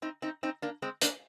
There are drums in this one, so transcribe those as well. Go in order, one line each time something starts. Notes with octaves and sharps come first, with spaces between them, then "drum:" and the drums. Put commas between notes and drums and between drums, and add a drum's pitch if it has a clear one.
C4 D#4
C4 D#4
C4 D#4
A#3 D4
G#3 C4
A#3 D4, drum: hi-hat